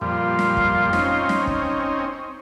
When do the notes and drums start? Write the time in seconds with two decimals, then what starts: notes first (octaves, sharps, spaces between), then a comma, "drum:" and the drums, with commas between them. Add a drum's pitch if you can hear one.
0.01 F2 A#2 G3 F4
0.39 drum: snare
0.57 drum: kick
0.93 C4 C#4 D#4, drum: snare
1.29 drum: snare
1.47 drum: kick